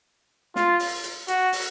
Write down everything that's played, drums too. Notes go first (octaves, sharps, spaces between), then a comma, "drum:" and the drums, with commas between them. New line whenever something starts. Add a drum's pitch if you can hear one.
F4, drum: snare
drum: open hi-hat
drum: hi-hat
F#4, drum: hi-hat
drum: open hi-hat